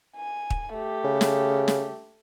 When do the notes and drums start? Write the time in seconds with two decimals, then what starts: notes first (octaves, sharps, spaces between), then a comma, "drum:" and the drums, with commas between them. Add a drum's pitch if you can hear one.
0.16 G#5
0.50 drum: kick
0.74 A3 G4
1.04 C#3
1.21 drum: snare
1.68 drum: snare